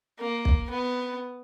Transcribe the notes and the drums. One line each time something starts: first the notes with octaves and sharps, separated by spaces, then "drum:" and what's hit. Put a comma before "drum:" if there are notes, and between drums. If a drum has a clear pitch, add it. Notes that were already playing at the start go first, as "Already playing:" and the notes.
A#3
drum: kick
B3